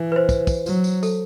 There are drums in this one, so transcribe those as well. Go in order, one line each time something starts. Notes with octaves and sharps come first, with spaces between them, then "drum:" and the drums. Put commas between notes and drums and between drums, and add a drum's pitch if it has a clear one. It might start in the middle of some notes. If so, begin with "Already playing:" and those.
Already playing: E3
B4
C5
drum: kick, tambourine
drum: kick, tambourine
F#3, drum: tambourine
drum: tambourine
A4, drum: tambourine